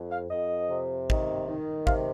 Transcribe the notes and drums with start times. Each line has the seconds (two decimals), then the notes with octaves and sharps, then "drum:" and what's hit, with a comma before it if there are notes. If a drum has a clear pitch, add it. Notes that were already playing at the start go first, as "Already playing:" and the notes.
Already playing: F2
0.11 F5
0.31 F2 D#5
0.70 C3
1.10 D#3, drum: kick
1.48 D#3
1.87 C3 F5, drum: kick